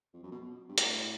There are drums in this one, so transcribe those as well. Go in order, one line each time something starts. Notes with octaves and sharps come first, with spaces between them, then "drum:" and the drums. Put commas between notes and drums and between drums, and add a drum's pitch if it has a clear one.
F2
F#2
B2
G2
A2, drum: hi-hat